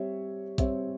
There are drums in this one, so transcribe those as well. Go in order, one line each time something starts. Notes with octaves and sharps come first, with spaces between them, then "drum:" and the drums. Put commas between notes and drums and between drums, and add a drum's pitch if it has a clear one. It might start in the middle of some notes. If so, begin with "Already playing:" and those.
Already playing: G3 C4 G4 C#5 E5
G3 C4 G4 C#5 E5, drum: kick A#1, hi-hat